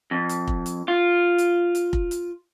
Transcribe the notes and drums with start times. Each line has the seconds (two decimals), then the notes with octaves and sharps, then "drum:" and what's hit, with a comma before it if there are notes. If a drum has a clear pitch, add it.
0.11 F2
0.29 drum: hi-hat
0.48 drum: kick F1
0.66 drum: hi-hat
0.88 F4
1.38 drum: hi-hat
1.75 drum: hi-hat
1.93 drum: kick F1
2.11 drum: hi-hat